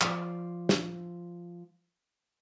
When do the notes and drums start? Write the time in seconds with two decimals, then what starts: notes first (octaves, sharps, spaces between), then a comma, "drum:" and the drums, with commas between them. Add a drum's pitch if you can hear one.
0.01 F3 D5, drum: clap
0.69 drum: snare